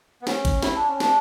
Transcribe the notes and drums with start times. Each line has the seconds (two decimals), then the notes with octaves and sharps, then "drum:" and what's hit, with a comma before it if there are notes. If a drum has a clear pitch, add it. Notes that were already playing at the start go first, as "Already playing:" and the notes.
0.22 B3
0.27 C#4, drum: snare
0.45 drum: kick, cymbal
0.62 E4, drum: snare
0.76 D4
0.88 C#4
1.00 D4, drum: snare